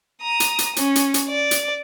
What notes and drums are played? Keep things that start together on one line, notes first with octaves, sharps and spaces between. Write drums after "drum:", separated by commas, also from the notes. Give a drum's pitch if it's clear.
A#5 D#6
drum: hi-hat
drum: hi-hat
C#4, drum: hi-hat
drum: hi-hat
drum: hi-hat
D5
drum: hi-hat